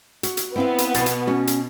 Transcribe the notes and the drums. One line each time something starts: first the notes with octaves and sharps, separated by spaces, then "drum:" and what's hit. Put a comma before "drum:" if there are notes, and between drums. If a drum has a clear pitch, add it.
F#4, drum: hi-hat
drum: hi-hat
B3 C4 E4 F5
drum: hi-hat
B2 A6 C7, drum: hi-hat
drum: hi-hat
C#4 F#4
drum: hi-hat